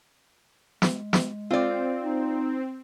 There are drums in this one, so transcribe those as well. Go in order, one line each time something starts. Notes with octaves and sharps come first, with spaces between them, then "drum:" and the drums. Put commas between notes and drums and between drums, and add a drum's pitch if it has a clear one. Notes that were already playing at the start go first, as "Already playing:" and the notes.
G#3, drum: snare
drum: snare
C4 F4 D5
D#4